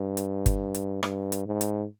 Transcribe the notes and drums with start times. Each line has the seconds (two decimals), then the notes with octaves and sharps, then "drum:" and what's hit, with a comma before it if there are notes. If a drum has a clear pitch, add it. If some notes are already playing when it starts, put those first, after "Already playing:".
Already playing: G2
0.17 drum: hi-hat
0.46 drum: kick G1, hi-hat
0.74 drum: hi-hat
1.03 G2, drum: rim click
1.32 drum: hi-hat
1.46 G#2
1.61 drum: hi-hat